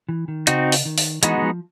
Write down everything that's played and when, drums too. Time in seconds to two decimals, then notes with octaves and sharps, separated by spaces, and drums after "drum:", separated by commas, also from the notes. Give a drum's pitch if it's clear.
0.09 E3
0.28 D#3
0.47 C#3 C4 D#4 F#4, drum: hi-hat
0.72 drum: open hi-hat
0.85 D#3
0.98 drum: open hi-hat
1.23 E3 G#3 B3 D#4 F#4, drum: hi-hat
1.38 F#3
1.42 F3